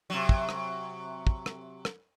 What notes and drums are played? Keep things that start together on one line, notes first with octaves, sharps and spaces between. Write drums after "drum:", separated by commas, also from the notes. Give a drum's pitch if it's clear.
C3 F#3
drum: kick
drum: rim click
drum: kick
drum: rim click
drum: rim click